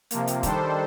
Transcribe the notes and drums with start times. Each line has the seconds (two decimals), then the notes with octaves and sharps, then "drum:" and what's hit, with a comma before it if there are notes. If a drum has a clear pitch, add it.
0.11 C3 F3 A#3, drum: hi-hat
0.27 drum: hi-hat
0.43 D#3 G3 D4 A4 C5, drum: kick, hi-hat